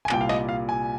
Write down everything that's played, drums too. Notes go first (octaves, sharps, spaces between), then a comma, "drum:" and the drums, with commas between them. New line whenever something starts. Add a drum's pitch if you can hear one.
G#5
C2 A#2 G3 G5, drum: clap
F5
D#5, drum: snare
F5
G#5